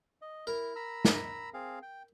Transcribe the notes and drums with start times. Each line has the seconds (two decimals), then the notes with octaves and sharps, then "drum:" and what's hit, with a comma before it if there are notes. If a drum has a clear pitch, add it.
0.22 D#5
0.47 E4 A#4
0.76 A#5 B5 E6
1.05 drum: snare
1.54 C4 G#4 F5
1.82 G5